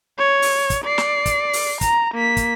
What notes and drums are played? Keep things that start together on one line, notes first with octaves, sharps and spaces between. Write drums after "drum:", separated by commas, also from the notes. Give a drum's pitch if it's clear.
C#5
drum: open hi-hat
drum: kick, hi-hat
D5 C7
drum: snare
drum: kick, hi-hat
drum: open hi-hat
A#5, drum: kick, hi-hat
A#3 B6
drum: kick, hi-hat